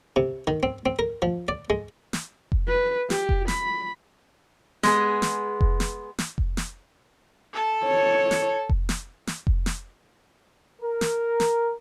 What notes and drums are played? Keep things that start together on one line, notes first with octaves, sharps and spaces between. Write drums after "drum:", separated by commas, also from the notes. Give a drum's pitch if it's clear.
C3
D#3
C4
C4
A#4
F3
D5
G#3
drum: snare
drum: kick F1
B4
G4, drum: snare
drum: kick F1
B5, drum: snare
G#3 B3 G#4, drum: snare
drum: snare
drum: kick F1
drum: snare
drum: snare
drum: kick F1
drum: snare
A4 A5
C#5
drum: snare
drum: kick F1
drum: snare
drum: snare
drum: kick F1
drum: snare
A#4
drum: snare
drum: snare